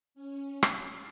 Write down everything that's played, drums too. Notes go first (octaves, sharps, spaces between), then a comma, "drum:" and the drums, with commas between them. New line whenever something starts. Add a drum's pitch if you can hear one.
C#4
drum: rim click
C7